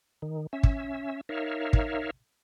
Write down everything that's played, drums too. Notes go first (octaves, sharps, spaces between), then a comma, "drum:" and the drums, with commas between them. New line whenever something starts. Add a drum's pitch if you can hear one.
D#3
C#4 E5
drum: kick
D#4 A#4 C#5 E5 F5
drum: kick